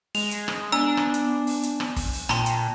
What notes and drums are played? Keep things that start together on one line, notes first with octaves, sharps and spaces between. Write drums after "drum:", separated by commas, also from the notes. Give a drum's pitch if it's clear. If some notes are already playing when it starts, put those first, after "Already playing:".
G#3 F7, drum: open hi-hat
drum: hi-hat
drum: rim click
B3 D4 G#5 A#5 E6
drum: rim click
drum: hi-hat
drum: open hi-hat
drum: hi-hat
drum: rim click
drum: kick, open hi-hat
drum: open hi-hat
A#2 G5 A5 A#5 C6, drum: rim click
drum: hi-hat